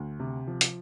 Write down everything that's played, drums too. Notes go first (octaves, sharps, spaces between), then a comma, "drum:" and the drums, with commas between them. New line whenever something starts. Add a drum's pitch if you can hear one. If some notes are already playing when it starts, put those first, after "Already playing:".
Already playing: D2
C3
F3
drum: hi-hat